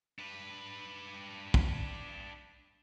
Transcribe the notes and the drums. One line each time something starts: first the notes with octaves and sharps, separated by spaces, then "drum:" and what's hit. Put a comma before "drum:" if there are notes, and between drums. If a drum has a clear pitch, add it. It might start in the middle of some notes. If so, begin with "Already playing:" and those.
D4 B4
drum: kick